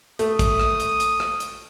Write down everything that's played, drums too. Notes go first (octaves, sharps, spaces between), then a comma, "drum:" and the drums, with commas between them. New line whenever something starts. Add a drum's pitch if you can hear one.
A3 D#6, drum: hi-hat
drum: kick, hi-hat
drum: rim click
drum: hi-hat
drum: hi-hat
drum: rim click
drum: hi-hat